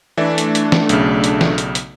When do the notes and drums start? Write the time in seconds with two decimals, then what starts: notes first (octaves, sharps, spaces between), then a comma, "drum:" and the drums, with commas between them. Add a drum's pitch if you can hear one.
0.17 E3 A3 D4 D5 E5
0.38 drum: hi-hat
0.55 drum: hi-hat
0.72 drum: snare
0.89 B1 C#3, drum: hi-hat
1.24 drum: hi-hat
1.41 drum: snare
1.58 drum: hi-hat
1.75 drum: hi-hat